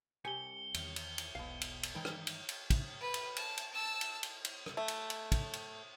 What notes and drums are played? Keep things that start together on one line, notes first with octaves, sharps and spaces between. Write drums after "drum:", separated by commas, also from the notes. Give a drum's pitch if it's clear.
C2 G4 G#5 C#7 G7
E2 D#3, drum: cymbal
drum: cymbal
drum: cymbal
E1 B1 B2 F5
drum: cymbal
drum: cymbal
G2 D#3 E3 G#3 G5
drum: rim click
drum: cymbal
drum: cymbal
drum: kick, cymbal
B4
drum: cymbal
A5, drum: cymbal
drum: cymbal
A5 E6
drum: cymbal
drum: cymbal
drum: cymbal
drum: rim click
A3
drum: cymbal
drum: cymbal
drum: kick, cymbal
drum: cymbal